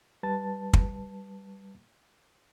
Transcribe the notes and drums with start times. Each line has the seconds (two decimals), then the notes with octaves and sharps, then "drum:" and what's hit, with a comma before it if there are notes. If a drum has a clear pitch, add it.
0.23 G3 B4 A5 A6
0.73 drum: kick